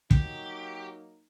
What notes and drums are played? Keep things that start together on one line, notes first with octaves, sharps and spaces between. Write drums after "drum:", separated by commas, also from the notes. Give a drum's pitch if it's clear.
F#3 A#3 D#4 G4, drum: kick